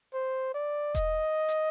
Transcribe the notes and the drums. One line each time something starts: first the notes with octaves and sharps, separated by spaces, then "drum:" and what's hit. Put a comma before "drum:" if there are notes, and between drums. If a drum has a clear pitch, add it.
C5
D5
D#5, drum: kick E1, hi-hat
drum: hi-hat